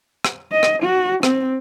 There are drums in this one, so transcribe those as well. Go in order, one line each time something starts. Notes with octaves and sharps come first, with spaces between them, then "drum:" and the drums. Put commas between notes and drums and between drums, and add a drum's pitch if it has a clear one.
drum: rim click
D#5
drum: rim click
F#4
C4, drum: rim click